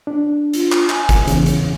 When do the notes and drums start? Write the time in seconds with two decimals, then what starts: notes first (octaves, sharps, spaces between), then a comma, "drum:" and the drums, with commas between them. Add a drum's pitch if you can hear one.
0.07 D4
0.53 F4, drum: hi-hat
0.72 drum: clap
0.90 G#5, drum: clap
1.09 drum: kick, hi-hat
1.27 E2 C#3 C#4, drum: hi-hat
1.46 drum: hi-hat